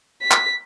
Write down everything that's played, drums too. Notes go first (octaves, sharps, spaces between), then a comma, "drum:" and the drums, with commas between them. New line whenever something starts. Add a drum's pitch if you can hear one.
B6
drum: clap